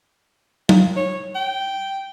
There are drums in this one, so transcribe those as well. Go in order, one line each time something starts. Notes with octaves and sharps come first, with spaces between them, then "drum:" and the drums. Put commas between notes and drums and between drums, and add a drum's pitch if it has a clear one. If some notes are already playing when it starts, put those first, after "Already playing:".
F4, drum: tom F#3
C#5
G5